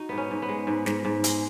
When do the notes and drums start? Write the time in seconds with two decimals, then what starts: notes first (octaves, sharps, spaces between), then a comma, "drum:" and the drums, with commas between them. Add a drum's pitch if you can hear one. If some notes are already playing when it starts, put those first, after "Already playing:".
Already playing: D#4 F#4
0.09 G#2 B3
0.18 C#4
0.31 G#2
0.42 B3
0.49 G#3
0.67 G#2
0.86 G#2, drum: snare
1.05 G#2
1.24 G#3, drum: hi-hat